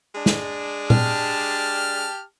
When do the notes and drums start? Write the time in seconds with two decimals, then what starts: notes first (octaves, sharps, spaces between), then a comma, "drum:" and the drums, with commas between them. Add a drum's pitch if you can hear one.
0.15 G#3 D4
0.26 drum: snare
0.90 G4 A5 F6, drum: tom A#2